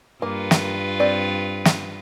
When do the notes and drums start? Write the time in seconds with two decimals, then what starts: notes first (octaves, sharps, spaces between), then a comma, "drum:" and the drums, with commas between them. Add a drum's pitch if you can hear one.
0.22 G2 A#3 F4 B4
0.51 drum: snare
1.00 C4 D5
1.65 drum: snare